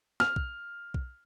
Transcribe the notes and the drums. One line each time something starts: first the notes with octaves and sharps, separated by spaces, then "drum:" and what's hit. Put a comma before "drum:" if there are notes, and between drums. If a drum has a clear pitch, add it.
F6, drum: snare
drum: kick B1
drum: kick B1